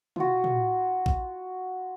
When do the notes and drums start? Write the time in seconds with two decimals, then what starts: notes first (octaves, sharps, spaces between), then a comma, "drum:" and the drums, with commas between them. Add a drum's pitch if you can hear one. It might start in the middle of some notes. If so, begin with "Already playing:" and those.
0.16 F4 F#4, drum: tom
0.44 drum: tom
1.06 drum: kick A#1